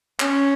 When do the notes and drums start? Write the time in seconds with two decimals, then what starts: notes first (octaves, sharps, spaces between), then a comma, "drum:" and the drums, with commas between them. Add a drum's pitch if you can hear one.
0.20 C#4, drum: clap